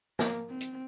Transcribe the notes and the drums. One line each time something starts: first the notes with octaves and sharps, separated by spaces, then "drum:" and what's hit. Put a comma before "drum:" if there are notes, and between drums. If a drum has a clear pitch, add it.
A#3, drum: snare
C4
drum: hi-hat